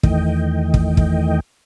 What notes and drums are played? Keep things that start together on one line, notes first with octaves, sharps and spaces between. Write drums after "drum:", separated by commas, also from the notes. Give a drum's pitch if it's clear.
E2 D#3 E3 A3 D#5 G5, drum: kick
drum: kick
drum: kick